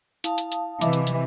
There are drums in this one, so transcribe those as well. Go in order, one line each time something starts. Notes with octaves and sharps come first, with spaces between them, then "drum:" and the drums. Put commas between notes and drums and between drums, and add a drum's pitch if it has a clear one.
E4 F5 A5 D#6, drum: hi-hat
drum: hi-hat
drum: hi-hat
C3 E3 D#5 E5 D6, drum: hi-hat
drum: hi-hat
drum: hi-hat